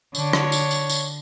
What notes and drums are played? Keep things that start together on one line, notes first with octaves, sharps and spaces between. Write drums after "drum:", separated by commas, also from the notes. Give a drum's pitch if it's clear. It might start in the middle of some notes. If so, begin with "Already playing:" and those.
D3 C#5, drum: tambourine
drum: rim click
drum: tambourine
drum: tambourine
drum: tambourine